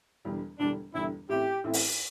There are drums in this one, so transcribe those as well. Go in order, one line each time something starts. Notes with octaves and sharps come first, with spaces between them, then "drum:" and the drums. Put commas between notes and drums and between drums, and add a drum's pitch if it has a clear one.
E1 E2 D3 G3
E1 E2 D3 G3 D4
E1 E2 D3 G3 E4
A1 A2 A3 C4 E4 G4
A1 A2 A3 C4 E4
drum: open hi-hat